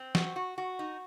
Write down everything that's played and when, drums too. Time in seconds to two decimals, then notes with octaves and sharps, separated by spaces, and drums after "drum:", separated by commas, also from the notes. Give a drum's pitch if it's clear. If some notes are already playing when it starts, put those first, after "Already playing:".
Already playing: C4
0.15 F#4, drum: snare
0.36 F#4
0.58 F#4
0.79 D#4